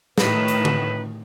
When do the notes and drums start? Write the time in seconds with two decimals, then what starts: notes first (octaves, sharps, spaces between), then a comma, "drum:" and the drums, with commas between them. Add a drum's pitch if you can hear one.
0.18 A2 D#3 B4, drum: snare
0.48 drum: hi-hat
0.65 drum: tom D3